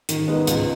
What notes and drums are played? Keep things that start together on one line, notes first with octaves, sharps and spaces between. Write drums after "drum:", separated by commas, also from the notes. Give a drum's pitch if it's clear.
D#3, drum: hi-hat
G#3 B3 D#4
C#2, drum: hi-hat